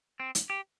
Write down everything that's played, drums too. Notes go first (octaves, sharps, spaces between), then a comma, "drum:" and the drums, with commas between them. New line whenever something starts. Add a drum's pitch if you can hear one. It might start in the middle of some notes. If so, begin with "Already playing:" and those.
C4
drum: hi-hat
G4